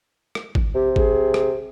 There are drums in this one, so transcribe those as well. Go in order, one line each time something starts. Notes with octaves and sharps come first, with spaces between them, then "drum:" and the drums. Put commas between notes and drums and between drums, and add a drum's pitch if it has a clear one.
drum: rim click
drum: kick G#1
C3 G4
G#4, drum: kick G#1
drum: rim click